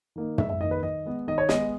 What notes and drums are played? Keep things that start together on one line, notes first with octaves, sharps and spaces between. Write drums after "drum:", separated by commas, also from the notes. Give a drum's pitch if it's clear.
D#3 A#3 D#4
G#2 E5, drum: tom
E5
D#3 A#3 D#4 D#5
B4
D#3 D#5
G#3 B3
D#3 D#5
C#5
G#3 B3 D#5, drum: snare